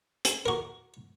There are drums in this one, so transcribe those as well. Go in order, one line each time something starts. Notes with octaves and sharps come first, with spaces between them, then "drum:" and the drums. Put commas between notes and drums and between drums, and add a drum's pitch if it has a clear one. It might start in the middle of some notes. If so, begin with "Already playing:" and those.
drum: hi-hat
F#4 A#4